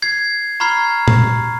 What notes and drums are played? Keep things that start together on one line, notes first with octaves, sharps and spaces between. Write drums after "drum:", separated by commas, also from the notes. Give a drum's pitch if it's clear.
G#6 C7
A#5 B5 C#6 F6 G#6 C7
drum: tom A#2